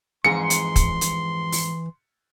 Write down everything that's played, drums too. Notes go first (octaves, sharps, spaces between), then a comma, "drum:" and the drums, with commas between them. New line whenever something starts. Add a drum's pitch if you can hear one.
F2 G#2 E3 G#4 C6 C#7
drum: hi-hat
drum: kick, hi-hat
drum: hi-hat
drum: open hi-hat